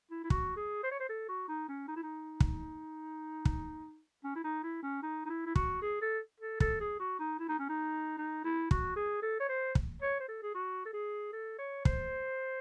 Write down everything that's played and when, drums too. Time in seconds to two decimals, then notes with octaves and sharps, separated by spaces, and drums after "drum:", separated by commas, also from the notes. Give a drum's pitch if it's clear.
0.11 E4
0.24 E4
0.30 F#4, drum: kick
0.56 G#4
0.83 C5
0.91 C#5
1.00 C5
1.09 A4
1.29 F#4
1.48 D#4
1.68 C#4
1.88 D#4
1.96 E4
2.03 D#4
2.40 drum: kick
3.45 drum: kick
4.24 C#4
4.35 E4
4.44 D#4
4.63 E4
4.83 C#4
5.03 D#4
5.26 D#4
5.30 E4
5.46 E4
5.56 F#4, drum: kick
5.82 G#4
6.01 A4
6.40 A4
6.60 A4, drum: kick
6.80 G#4
7.00 F#4
7.19 D#4
7.39 E4
7.49 D#4
7.59 C#4
7.69 D#4
8.18 D#4
8.45 E4
8.71 F#4, drum: kick
8.96 G#4
9.22 A4
9.40 C#5
9.49 C5
9.75 drum: kick
10.02 C#5
10.20 C5
10.28 A4
10.42 G#4
10.54 F#4
10.85 A4
10.93 G#4
11.33 A4
11.59 C#5
11.85 C5, drum: kick